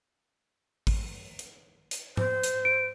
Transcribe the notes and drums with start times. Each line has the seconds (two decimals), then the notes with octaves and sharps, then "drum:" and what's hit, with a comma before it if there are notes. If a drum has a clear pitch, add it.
0.87 drum: kick G#1, open hi-hat
1.39 drum: hi-hat
1.91 drum: hi-hat
2.17 C5, drum: tom G#2
2.43 drum: hi-hat
2.65 D7